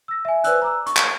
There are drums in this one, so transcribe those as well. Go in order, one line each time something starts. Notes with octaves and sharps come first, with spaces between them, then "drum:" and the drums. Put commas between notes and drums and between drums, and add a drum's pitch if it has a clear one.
E6 A#6
E5 G#5
B4 C5 D5 G#5 E6 F#6, drum: hi-hat
A#5 D6 E6
C#6, drum: hi-hat
drum: clap